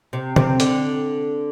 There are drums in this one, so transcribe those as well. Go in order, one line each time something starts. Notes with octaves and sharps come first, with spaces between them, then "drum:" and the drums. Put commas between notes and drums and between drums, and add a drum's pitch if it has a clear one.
C3
C3, drum: tom D3
D3, drum: hi-hat